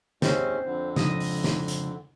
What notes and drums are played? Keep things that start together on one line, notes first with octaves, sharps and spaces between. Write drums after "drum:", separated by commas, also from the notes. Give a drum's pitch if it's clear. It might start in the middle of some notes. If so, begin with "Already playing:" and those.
D#2 G#3 C4 C#4, drum: snare
F2 D3
C#3 F3 G#3 D#5, drum: snare
drum: open hi-hat
drum: snare
drum: hi-hat